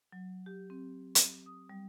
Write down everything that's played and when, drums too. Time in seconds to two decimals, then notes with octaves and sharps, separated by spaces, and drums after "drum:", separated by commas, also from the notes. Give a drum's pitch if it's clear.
0.12 F#3
0.46 G4
0.70 C4
1.15 drum: hi-hat
1.46 D#6
1.69 G3